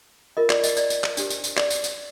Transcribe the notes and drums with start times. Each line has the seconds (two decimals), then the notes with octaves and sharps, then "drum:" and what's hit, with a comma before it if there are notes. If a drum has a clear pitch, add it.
0.37 F4 A#4 D#5
0.50 D5, drum: clap
0.64 D#5, drum: tambourine
0.77 D5, drum: tambourine
0.90 drum: tambourine
1.04 drum: clap
1.17 D4 G4 C5, drum: tambourine
1.30 drum: tambourine
1.44 drum: tambourine
1.57 D5, drum: clap
1.70 drum: tambourine
1.84 drum: tambourine